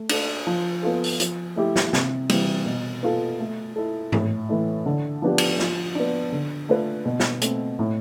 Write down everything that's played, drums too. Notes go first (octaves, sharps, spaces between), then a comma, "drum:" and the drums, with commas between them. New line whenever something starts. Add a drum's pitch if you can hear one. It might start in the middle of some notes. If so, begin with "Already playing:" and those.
Already playing: A3
D4 A4, drum: cymbal
F3
B3 F4 A4
drum: open hi-hat
F3, drum: hi-hat
A3 E4 G4
drum: snare
C3, drum: snare
E3 G3, drum: cymbal
B2
B3 F4 A4
A3
E4 A4
A2, drum: tom G#2
E3 A3 E4
D3
F3 B3 D4 G4
drum: cymbal
F3, drum: snare
B3 D4
D3
A3 D4 F4 B4
B2
drum: snare
A3 C4, drum: hi-hat
A2